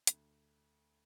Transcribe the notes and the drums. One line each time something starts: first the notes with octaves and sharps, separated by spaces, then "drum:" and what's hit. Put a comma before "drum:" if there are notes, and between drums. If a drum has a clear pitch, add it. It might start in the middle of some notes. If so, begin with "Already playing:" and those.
D2, drum: hi-hat